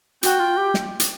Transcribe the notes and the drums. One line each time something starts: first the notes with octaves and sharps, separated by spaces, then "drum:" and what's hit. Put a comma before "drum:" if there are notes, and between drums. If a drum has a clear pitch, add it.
F#4 G5, drum: hi-hat
F4
G4
drum: snare
drum: hi-hat